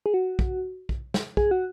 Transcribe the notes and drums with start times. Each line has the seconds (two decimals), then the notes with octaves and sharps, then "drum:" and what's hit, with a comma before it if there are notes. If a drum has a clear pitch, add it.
0.06 G#4
0.14 F#4
0.39 drum: kick
0.89 drum: kick
1.14 drum: snare
1.37 G#4, drum: kick
1.51 F#4